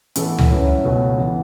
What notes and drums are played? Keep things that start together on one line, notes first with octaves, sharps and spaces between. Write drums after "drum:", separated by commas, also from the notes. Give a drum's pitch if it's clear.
A2 E3 B3 A4, drum: hi-hat
drum: tom C#2
F#2 F#3 C#4 E4 B4
C#2 B2 A3 C#4
E3 B3